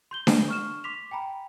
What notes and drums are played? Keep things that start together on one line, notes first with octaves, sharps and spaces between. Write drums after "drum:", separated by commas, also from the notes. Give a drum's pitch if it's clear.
C6 G6 G7
drum: snare D4
C#6 F6 E7
C6 D6 B6 F7
G5 G#5 A#5 B5